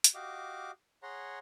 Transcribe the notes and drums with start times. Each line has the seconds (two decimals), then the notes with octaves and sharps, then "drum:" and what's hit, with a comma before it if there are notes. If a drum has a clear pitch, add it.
0.04 drum: hi-hat
0.15 F#4 G4 D#5 F5 D6
1.03 G#4 C#5 F#5 A#5 C6